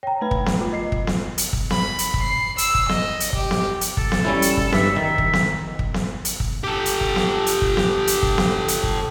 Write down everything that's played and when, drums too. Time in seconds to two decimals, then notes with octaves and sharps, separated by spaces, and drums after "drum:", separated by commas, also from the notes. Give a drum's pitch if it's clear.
0.03 C#5 G5 A#5
0.21 A3 B4 B5
0.31 drum: kick
0.46 drum: snare B3
0.61 F4
0.73 D#5 C7
0.92 drum: kick
1.07 drum: snare B3
1.38 drum: hi-hat
1.53 drum: kick
1.70 B5, drum: snare B3
1.99 drum: hi-hat
2.14 drum: kick
2.23 C7
2.58 E6, drum: hi-hat
2.75 drum: kick
2.89 D#5, drum: snare B3
3.20 drum: hi-hat
3.33 G4, drum: kick
3.51 drum: snare B3
3.81 drum: hi-hat
3.97 A4, drum: kick
4.12 drum: snare B3
4.25 G3 C#4 E4
4.42 drum: hi-hat
4.57 drum: kick
4.73 G2 E5, drum: snare B3
4.96 D#3 E5
5.18 drum: kick
5.33 drum: snare B3
5.79 drum: kick
5.94 drum: snare B3
6.25 drum: hi-hat
6.40 drum: kick
6.64 G4 A4
6.86 drum: hi-hat
7.01 drum: kick
7.16 drum: snare B3
7.46 drum: hi-hat
7.62 drum: kick
7.77 drum: snare B3
8.07 drum: hi-hat
8.23 drum: kick
8.38 drum: snare B3
8.68 drum: hi-hat
8.83 drum: kick